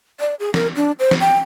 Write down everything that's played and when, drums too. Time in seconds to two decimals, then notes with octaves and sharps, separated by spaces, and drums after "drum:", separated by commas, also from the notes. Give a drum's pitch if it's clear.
0.20 D5
0.40 G#4
0.54 A#4, drum: snare
0.76 D4
0.99 C5
1.11 drum: snare
1.20 G5